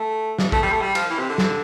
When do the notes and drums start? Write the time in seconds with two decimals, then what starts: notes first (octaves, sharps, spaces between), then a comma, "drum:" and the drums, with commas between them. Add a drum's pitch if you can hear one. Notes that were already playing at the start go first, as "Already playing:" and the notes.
Already playing: A3
0.39 drum: snare
0.52 A3, drum: kick A#1
0.62 G3
0.72 A3
0.81 G3
0.95 F3, drum: cymbal
1.10 E3
1.19 C3
1.29 D3
1.38 drum: snare